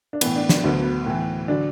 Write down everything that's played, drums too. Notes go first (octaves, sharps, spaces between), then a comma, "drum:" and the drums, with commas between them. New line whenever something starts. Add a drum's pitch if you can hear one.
D4
A2 E3 B3, drum: cymbal
D4
D4, drum: snare
D2 D3 F#3 B3
B3
A2 E3
D3 F#3 D4